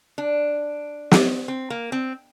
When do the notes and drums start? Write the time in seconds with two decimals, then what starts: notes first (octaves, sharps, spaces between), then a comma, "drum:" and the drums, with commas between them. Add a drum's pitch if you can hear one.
0.18 D4
1.11 drum: snare
1.48 C4
1.70 A#3
1.92 C4